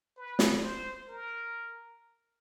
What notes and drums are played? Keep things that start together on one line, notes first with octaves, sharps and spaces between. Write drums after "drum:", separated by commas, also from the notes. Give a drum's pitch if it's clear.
B4
drum: snare
C5
A#4